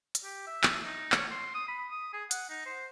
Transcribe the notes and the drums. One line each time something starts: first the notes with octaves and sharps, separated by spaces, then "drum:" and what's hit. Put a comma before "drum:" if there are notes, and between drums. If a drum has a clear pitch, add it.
drum: hi-hat
G4
E5
drum: clap
D#4
C#5, drum: clap
C6
D#6
B5
D#6
G#4
F#5, drum: hi-hat
D#4
C5